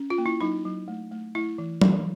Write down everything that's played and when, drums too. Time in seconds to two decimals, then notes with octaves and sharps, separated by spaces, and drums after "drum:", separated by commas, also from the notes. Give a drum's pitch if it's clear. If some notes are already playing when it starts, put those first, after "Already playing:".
Already playing: C#4
0.10 F4
0.18 A#3
0.26 E4
0.41 F#3 D#4
0.65 F#3
0.88 A3
1.11 A3
1.35 A3 E4
1.58 E3
1.82 E3, drum: tom F#3